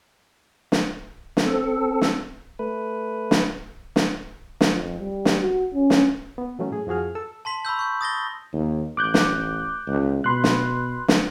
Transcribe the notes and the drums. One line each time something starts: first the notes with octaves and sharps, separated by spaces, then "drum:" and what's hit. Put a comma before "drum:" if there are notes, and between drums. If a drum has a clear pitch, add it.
drum: snare
drum: snare
C4 A4
drum: snare
A3 B4
drum: snare
drum: snare
drum: snare
F2
G3
drum: snare
F#4
C#4
drum: snare
B3
E3 F#3 A3 C#4
A2 G#4
F2 F3 F#4 G#4 F6
A4 E6
A5 C6 B6 F#7
B5 C#6 E6 G6
C#6 G6
D#6 A6 A#6 G7
D#2
A1 D6 F#6 G6
drum: snare
C#2
B2 B5 C6 F#6
drum: snare
drum: snare